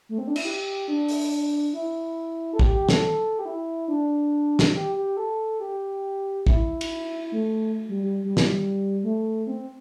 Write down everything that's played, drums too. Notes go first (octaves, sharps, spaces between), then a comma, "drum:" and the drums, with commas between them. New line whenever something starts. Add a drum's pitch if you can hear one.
A3
C4
D4
E4, drum: cymbal
G4
D4
drum: open hi-hat
E4
A4
G4, drum: kick
G4
A4, drum: snare
G4
E4
D4
drum: snare
G4
G4
A4
G4
E4, drum: kick
drum: cymbal
A3
G3
G3
G3
drum: snare
A3
C4